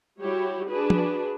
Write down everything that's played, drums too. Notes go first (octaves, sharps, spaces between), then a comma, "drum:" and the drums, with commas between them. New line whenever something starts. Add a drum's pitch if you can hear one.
G3 E4 F#4 G4 C#5
D4 F#4 G#4 B4
drum: tom F3